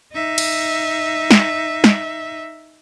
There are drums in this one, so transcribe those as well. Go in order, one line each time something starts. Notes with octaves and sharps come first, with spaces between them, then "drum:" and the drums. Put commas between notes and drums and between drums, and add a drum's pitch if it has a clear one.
D#4 E5
drum: cymbal
drum: snare
drum: snare